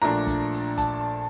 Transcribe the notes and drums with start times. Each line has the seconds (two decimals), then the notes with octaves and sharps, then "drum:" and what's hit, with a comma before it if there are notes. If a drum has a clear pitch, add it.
0.02 A#1 A#2 A3 D4 A#5
0.27 drum: kick, hi-hat
0.52 drum: open hi-hat
0.78 A5, drum: kick, hi-hat